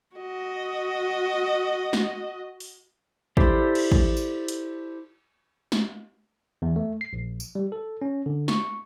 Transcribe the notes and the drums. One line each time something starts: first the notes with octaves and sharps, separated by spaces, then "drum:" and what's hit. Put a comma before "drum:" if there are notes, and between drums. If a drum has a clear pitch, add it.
F#4 D#5
drum: snare
drum: open hi-hat
E4 G4 A4 C5 D5, drum: kick
drum: cymbal
drum: kick
drum: tambourine
drum: hi-hat
drum: snare
E2
A3
C7
A#1
drum: tambourine
G3
A4
C#4
D3
C#6, drum: snare